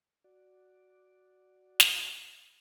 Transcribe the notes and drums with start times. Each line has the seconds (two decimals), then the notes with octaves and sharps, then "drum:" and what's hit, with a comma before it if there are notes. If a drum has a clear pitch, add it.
0.24 F#4 D5
1.80 drum: snare